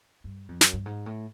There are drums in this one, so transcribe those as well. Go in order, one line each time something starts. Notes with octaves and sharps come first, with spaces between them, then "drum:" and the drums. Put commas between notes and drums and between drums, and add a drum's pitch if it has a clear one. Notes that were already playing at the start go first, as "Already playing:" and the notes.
G2
F2
F#2, drum: snare
G2
G#2
A2